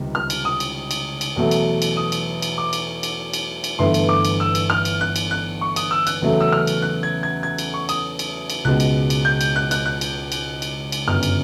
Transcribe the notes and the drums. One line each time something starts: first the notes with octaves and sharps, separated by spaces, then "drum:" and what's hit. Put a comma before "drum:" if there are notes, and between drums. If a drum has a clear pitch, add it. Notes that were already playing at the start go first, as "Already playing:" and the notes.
Already playing: C#2 C3 D#3 G3
F6
drum: cymbal
D#6
drum: cymbal
drum: cymbal
drum: cymbal
E2 B2 F#3 A3
drum: cymbal
drum: cymbal
D#6
drum: cymbal
drum: cymbal
D6
drum: cymbal
drum: cymbal
drum: cymbal
drum: cymbal
G1 G2 E3 A3 C6
drum: cymbal
D6
drum: cymbal
E6
drum: cymbal
F6
drum: cymbal
F#6
drum: cymbal
F#6
C#6
D#6, drum: cymbal
E6
F#6, drum: cymbal
E2 C#3 F#3 A3
E6
F6
drum: cymbal
F#6
G#6
G#6
G#6
drum: cymbal
C#6
D#6, drum: cymbal
drum: cymbal
drum: cymbal
C#2 B2 G#3 F#6
drum: cymbal
drum: cymbal
G6
drum: cymbal
F#6
F#6, drum: cymbal
F#6
drum: cymbal
drum: cymbal
drum: cymbal
drum: cymbal
G1 F#2 C#3 F6
drum: cymbal